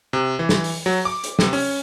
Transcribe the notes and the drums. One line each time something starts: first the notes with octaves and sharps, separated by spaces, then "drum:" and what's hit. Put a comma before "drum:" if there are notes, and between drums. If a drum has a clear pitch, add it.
C3
E3
drum: snare
drum: open hi-hat
F#3
D6
drum: hi-hat
C3, drum: snare
C#4, drum: open hi-hat